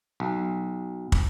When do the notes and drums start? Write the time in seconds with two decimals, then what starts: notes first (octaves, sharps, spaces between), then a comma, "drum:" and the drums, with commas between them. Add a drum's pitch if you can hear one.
0.20 B1
1.12 drum: kick